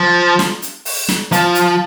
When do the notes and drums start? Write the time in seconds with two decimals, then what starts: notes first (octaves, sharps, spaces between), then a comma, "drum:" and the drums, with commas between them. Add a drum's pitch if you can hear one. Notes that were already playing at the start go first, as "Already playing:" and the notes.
Already playing: F3
0.39 drum: snare
0.62 drum: hi-hat
0.85 drum: open hi-hat
1.09 drum: snare
1.32 F3, drum: hi-hat
1.55 drum: hi-hat